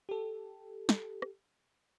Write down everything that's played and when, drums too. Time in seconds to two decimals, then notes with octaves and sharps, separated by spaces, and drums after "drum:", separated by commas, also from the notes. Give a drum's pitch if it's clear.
0.09 G4 A4
0.89 drum: snare
1.22 drum: rim click